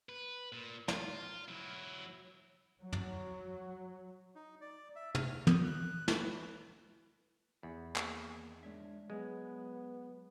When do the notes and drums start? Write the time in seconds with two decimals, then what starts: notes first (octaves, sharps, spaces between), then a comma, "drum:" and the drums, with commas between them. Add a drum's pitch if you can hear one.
0.09 B4
0.52 A#2
0.88 F4, drum: snare
1.48 F#3 E4
2.83 F#3
2.93 drum: tom
4.35 D#4
4.61 D5
4.96 E5
5.15 F6, drum: tom
5.47 D#6, drum: tom
5.64 F#6
6.08 B4, drum: snare
7.63 E2 B5
7.96 D#3 A#3 G#4, drum: clap
8.63 G#3 D4 C#5 E5
9.10 F#3 G#3 B3 C#5